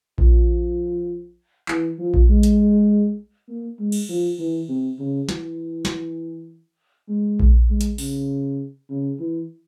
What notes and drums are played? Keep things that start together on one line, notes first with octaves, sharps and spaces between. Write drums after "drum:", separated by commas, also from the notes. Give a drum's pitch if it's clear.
F3, drum: kick A#1
E3, drum: clap
F3
drum: kick A#1
G#3
drum: hi-hat
A#3
G#3
drum: cymbal
F3
E3
C3
C#3
E3, drum: snare
drum: snare
G#3
drum: kick A#1
G#3
drum: hi-hat
C#3, drum: open hi-hat
C#3
E3